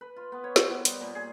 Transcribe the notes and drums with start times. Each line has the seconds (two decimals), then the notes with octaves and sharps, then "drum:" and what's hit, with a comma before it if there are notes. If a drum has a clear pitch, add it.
0.01 B4
0.16 F4
0.32 B3
0.44 C#5
0.56 C3, drum: snare
0.70 B3
0.85 G3, drum: hi-hat
1.01 A#2
1.15 G#4